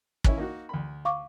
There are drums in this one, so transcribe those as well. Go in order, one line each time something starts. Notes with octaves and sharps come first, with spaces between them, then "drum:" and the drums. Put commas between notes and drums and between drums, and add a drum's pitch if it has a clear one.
D#2 C#4 E4, drum: kick
A#3 D#4 F#4
D2 B5
F5 C#6 D6